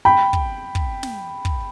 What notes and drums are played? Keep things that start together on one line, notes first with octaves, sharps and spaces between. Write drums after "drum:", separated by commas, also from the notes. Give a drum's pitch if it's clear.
G5 B5
drum: kick
drum: kick
drum: snare
drum: kick